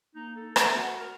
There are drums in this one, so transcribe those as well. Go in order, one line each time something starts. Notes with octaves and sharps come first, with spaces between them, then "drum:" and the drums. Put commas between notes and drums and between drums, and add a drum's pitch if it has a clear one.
A#3 D#4
A4
A3 A#3, drum: rim click
F#4 F#5
A#4